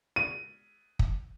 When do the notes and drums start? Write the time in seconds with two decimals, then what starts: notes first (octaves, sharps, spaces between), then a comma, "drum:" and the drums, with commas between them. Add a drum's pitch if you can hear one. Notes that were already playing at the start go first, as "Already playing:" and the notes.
0.16 D#7
0.99 drum: kick